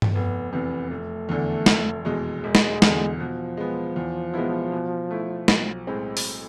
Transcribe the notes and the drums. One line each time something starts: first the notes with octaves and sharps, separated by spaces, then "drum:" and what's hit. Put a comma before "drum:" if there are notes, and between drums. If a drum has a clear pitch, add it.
drum: tom G2
F1 B3
E2 C3 B3
F1 A3
E2 D3
F1, drum: snare
E2 B2 G#3
E1 G#3
drum: snare
E2 D3, drum: snare
B2 F3
G#3 B3
E2
B2 G#3 B3 E4
B2
A3 E4
B1, drum: snare
A2 G#3 C4
drum: open hi-hat